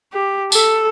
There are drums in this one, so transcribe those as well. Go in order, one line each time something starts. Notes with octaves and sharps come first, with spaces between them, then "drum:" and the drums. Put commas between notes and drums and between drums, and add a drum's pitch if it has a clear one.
G4
A4, drum: tambourine